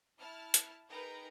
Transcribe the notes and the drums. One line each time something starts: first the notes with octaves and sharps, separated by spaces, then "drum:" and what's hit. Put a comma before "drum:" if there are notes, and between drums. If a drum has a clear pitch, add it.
E4 A5 F6
drum: hi-hat
D#4 G#4 A#4 B4 G5 A#5